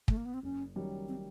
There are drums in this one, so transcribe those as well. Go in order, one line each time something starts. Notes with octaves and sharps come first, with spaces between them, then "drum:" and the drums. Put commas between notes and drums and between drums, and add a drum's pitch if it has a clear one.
A3, drum: kick
A#3
B3
C4
F#1 C#4
F#2 D#3 G3
C4